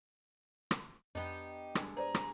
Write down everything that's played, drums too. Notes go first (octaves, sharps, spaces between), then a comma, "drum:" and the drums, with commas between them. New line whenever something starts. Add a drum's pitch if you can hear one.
drum: rim click
F2 B3 D4 D#4 G4
G2 G#3 A4, drum: rim click
G#4 B4 C5 D5 A#5
drum: rim click